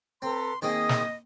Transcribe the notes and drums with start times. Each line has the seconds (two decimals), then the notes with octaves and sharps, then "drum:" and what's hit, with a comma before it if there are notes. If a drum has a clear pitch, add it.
0.22 C4 A4 B4 A#5 C6
0.62 D#3 A#3 C4 G#4 D#5 D#6
0.89 drum: snare